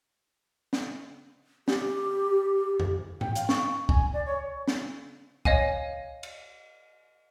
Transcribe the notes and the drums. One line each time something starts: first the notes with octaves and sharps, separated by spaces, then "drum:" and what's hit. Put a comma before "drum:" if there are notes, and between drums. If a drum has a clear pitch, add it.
drum: snare
G4, drum: snare
drum: tom F2
G5, drum: tom G#2
F5, drum: hi-hat
C#6, drum: snare
G#5, drum: kick
D5
C#5
drum: snare
C#5 D#5 F5 G#5, drum: kick
drum: cymbal